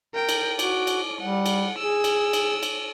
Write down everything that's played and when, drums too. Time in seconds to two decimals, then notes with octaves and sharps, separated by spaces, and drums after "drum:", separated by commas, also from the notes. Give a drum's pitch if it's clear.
0.14 A#4 G5
0.29 drum: cymbal
0.59 F#4 D6, drum: cymbal
0.87 drum: cymbal
1.21 G3 F#5
1.46 drum: cymbal
1.79 G#4 E6
2.04 drum: cymbal
2.33 drum: cymbal
2.63 drum: cymbal